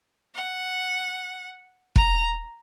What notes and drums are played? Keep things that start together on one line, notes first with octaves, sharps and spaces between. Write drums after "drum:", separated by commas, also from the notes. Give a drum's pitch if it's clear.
F#5
A#5, drum: kick